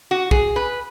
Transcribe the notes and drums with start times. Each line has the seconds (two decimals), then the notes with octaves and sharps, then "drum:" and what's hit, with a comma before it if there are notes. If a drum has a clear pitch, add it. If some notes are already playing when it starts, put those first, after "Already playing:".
0.11 F#4
0.31 G#4, drum: kick
0.56 B4